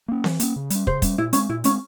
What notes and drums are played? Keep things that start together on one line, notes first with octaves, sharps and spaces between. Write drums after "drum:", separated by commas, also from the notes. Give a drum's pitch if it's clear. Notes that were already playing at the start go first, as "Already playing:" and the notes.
A#3 C#4
E3, drum: snare C4
A#3 C#4, drum: hi-hat
C#3
G3 C#4, drum: hi-hat
C#3 C5, drum: kick
G3 C#4, drum: kick, hi-hat
A#2 E4
G#3 C4 C#4, drum: hi-hat
A#2 E4
G#3 C4 C#4, drum: hi-hat